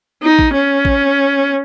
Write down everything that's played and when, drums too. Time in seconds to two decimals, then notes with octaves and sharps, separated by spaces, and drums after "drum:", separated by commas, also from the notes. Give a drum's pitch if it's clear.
0.23 D#4
0.39 drum: kick
0.54 C#4
0.85 drum: kick